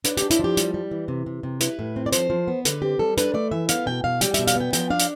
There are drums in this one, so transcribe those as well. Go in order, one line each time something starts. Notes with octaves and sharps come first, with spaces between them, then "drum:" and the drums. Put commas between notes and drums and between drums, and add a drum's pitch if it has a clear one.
D4 B4, drum: hi-hat
G4, drum: hi-hat
D4
E4, drum: hi-hat
F3 G4
G3, drum: hi-hat
G3
E3
C3
C3
C3
E4 B4, drum: hi-hat
A2
C4
D5
F3 C5, drum: hi-hat
F3
B3
D3 B4, drum: hi-hat
C4 G4
G3 A4
D4 B4, drum: hi-hat
A3 D5
E3 E5
B3 F5, drum: hi-hat
B2 G5
B2 F5
G3 G5, drum: hi-hat
B2 E5, drum: hi-hat
F5, drum: hi-hat
B3 G5
F3 G5, drum: hi-hat
D4 F5
drum: hi-hat